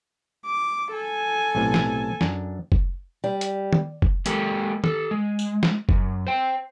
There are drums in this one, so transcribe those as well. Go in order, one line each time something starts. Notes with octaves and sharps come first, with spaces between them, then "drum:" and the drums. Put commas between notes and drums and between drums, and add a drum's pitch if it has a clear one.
D6
A4 G#5
B1 A2 C3
drum: snare
F#2 D4, drum: snare
drum: kick
G3
drum: hi-hat
drum: tom
drum: kick
G#3 A#3 G4 A4, drum: hi-hat
G4 A4, drum: tom
G#3
drum: tambourine
drum: snare
F#2, drum: kick
C5 G5